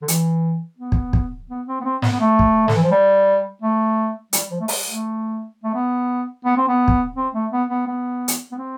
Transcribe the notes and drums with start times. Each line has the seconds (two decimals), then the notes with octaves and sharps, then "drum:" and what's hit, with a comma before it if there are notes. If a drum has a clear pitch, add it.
0.02 D3
0.08 E3, drum: hi-hat
0.79 B3
0.92 drum: kick
1.13 drum: kick
1.50 B3
1.67 C4
1.81 B3
1.84 C4
2.02 B3, drum: snare
2.13 B3
2.20 A3
2.39 drum: kick
2.68 D3, drum: snare
2.76 E3
2.84 F3
2.91 G3
3.62 A3
4.33 G3, drum: hi-hat
4.51 F3
4.61 A3
4.68 G3, drum: open hi-hat
4.86 A3
5.64 A3
5.74 B3
6.45 B3
6.57 C4
6.69 B3
6.88 drum: kick
7.16 C4
7.34 A3
7.52 B3
7.70 B3
7.87 B3
8.28 drum: hi-hat
8.52 B3
8.58 C4